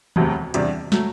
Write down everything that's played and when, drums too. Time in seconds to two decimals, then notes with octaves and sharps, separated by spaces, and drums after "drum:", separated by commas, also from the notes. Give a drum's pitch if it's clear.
0.16 E1 D2 C3 F#3 A3, drum: tom D#3
0.54 E2 C3 G3 D4, drum: hi-hat
0.92 F#3 A3, drum: snare